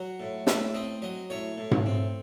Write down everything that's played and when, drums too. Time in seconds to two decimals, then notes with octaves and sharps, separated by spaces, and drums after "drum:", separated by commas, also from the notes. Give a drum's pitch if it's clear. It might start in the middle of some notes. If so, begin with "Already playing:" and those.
Already playing: F#3 F#5
0.20 A2
0.47 A2 E5, drum: snare
0.74 C4 D#5
1.02 F#3 D#5
1.30 A2 C#5
1.57 A2
1.71 drum: tom G#2
1.86 C4